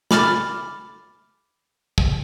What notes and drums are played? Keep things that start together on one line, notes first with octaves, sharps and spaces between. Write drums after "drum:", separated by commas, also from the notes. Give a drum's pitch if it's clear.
B5 D6 F6 A6, drum: snare
drum: kick